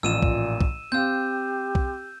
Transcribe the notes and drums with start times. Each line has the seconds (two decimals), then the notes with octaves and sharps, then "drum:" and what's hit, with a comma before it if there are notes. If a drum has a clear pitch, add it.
0.03 A1 A#2 F3 E6 D#7 E7
0.22 drum: kick B1
0.61 drum: kick B1
0.92 C4 G4 F5 E6 G6
1.75 drum: kick B1